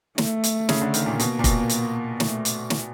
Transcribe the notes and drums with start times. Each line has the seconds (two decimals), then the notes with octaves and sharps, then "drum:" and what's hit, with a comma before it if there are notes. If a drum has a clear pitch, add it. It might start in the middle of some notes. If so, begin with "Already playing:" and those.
0.18 A3, drum: snare
0.44 drum: hi-hat
0.69 C#3, drum: snare
0.81 D3
0.94 D#3, drum: hi-hat
1.06 A#2
1.20 B2 A#3, drum: hi-hat
1.39 A#2
1.44 B2, drum: kick, hi-hat
1.69 drum: hi-hat
2.20 A3, drum: snare
2.45 drum: hi-hat
2.70 drum: snare